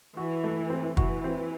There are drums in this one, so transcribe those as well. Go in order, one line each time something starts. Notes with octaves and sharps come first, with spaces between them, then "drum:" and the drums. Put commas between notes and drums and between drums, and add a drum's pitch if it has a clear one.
E3 F#4
A3
C4
E3 F#4, drum: kick
C4